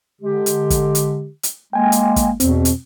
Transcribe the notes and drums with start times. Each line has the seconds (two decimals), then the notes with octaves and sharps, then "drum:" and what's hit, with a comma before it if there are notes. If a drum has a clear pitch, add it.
0.22 D3 G#3 G4
0.46 drum: hi-hat
0.70 drum: kick, hi-hat
0.95 drum: hi-hat
1.43 drum: hi-hat
1.73 G#3 A#3 G5 G#5
1.92 drum: hi-hat
2.16 drum: kick, hi-hat
2.40 E2 B2 C4, drum: hi-hat
2.65 drum: hi-hat